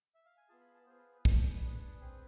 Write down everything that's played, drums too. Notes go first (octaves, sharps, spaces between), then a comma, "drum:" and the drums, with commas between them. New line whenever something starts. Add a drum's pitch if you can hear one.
E5
F5
G#5
B3 F4 G#4 A5
B5
A5
B3 F4 G#4 C5
B4
B4
D4 G#4 C5, drum: kick
A4
B4
D4 G#4
C4 G#4